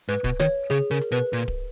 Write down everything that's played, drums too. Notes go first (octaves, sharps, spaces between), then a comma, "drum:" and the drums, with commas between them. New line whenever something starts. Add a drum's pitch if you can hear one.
G#2 B4, drum: hi-hat
B2, drum: kick D1
D#3 C#5, drum: snare
C#3 G#4, drum: hi-hat
C#3 A#4
drum: hi-hat
B2 B4
A#2, drum: hi-hat
drum: kick D1